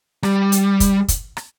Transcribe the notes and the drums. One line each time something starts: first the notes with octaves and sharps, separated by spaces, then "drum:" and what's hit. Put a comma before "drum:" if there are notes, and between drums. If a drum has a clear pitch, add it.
G3, drum: rim click
drum: hi-hat
drum: kick, hi-hat
drum: kick, hi-hat
drum: rim click